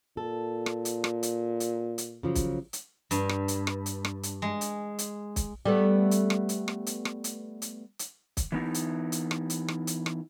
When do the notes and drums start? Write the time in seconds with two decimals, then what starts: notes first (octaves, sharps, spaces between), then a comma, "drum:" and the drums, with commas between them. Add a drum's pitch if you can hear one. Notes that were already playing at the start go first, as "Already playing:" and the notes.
0.17 A#2 A4
0.66 drum: rim click
0.85 drum: hi-hat
1.04 drum: rim click
1.23 drum: hi-hat
1.60 drum: hi-hat
1.98 drum: hi-hat
2.23 C#3 F3 F#3
2.35 drum: kick, hi-hat
2.73 drum: hi-hat
3.11 G2, drum: hi-hat
3.29 drum: rim click
3.48 drum: hi-hat
3.67 drum: rim click
3.86 drum: hi-hat
4.05 drum: rim click
4.23 drum: hi-hat
4.42 G#3
4.61 drum: hi-hat
4.99 drum: hi-hat
5.36 drum: kick, hi-hat
5.65 G3 A3 B3
6.11 drum: hi-hat
6.30 drum: rim click
6.49 drum: hi-hat
6.68 drum: rim click
6.86 drum: hi-hat
7.05 drum: rim click
7.24 drum: hi-hat
7.62 drum: hi-hat
7.99 drum: hi-hat
8.37 drum: kick, hi-hat
8.52 E3 B3 D#4 E4
8.74 drum: hi-hat
9.12 drum: hi-hat
9.31 drum: rim click
9.50 drum: hi-hat
9.68 drum: rim click
9.87 drum: hi-hat
10.06 drum: rim click